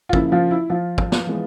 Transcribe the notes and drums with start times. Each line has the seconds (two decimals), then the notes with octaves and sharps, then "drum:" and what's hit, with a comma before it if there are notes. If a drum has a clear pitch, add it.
0.09 F4
0.13 C#3 F3 A#3 E4, drum: kick
0.32 F3 F4
0.51 E4
0.70 F3 F4
0.98 drum: kick
1.12 drum: snare
1.27 E3 G#3 B3